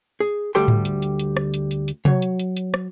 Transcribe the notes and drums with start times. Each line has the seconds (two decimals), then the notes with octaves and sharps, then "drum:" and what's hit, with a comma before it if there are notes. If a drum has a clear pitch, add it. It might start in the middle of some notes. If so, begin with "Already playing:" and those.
0.20 G#4
0.55 D2 G3 G4 A4 G5 C6
0.68 drum: tom G#2
0.85 drum: hi-hat
1.02 drum: hi-hat
1.19 drum: hi-hat
1.37 drum: rim click
1.54 drum: hi-hat
1.71 drum: hi-hat
1.88 drum: hi-hat
2.05 F#3 C#5, drum: tom C3
2.22 drum: hi-hat
2.39 drum: hi-hat
2.57 drum: hi-hat
2.74 drum: rim click